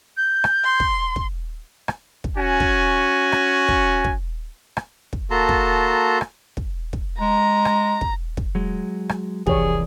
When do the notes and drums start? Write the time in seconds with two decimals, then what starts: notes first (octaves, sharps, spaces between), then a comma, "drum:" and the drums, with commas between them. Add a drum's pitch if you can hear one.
0.16 G6
0.44 drum: rim click
0.64 C6
0.80 drum: kick
1.16 drum: kick
1.88 drum: rim click
2.24 drum: kick
2.37 C#4 F#4 G#5
2.60 drum: kick
3.32 drum: rim click
3.68 drum: kick
4.04 drum: kick
4.77 drum: rim click
5.13 drum: kick
5.31 A#3 F#4 A4 A5 A#5 C6
5.49 drum: kick
6.21 drum: rim click
6.57 drum: kick
6.93 drum: kick
7.20 G#3 A#5
7.65 drum: rim click
8.01 drum: kick
8.37 drum: kick
8.55 F#3 G#3
9.09 drum: rim click
9.47 C2 F2 E3 G4 G#4 C#5 D5, drum: kick